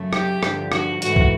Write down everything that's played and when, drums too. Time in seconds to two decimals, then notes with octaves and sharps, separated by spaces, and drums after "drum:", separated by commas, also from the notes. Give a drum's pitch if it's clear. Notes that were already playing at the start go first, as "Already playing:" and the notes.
Already playing: F#2 C#3 F#3 A3
0.13 G4, drum: rim click
0.43 G2 D3 F3, drum: rim click
0.72 F#4, drum: rim click
1.02 G#2 E3 A3 F#4, drum: hi-hat
1.16 drum: kick